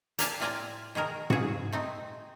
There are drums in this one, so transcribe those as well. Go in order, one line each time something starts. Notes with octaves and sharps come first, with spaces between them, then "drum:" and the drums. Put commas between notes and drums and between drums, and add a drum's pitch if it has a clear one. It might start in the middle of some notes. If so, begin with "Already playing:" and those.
A#3 G4 D5 F5 G#5 A5, drum: hi-hat
A2 C4 F4 D5 G#5 A#5
B2 D#3 G#4 A#4
F#4 G#4, drum: tom G#2
A3 C4 D#4